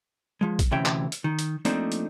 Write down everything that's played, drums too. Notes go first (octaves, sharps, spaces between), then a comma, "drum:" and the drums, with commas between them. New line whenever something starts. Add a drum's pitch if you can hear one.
F3 G#3
drum: kick A#1, hi-hat
D2 C3 E3 C#4 E5 G5
drum: clap
drum: hi-hat
D#3
drum: hi-hat
F3 A3 A#3 C4 D4 D#4, drum: hi-hat
drum: hi-hat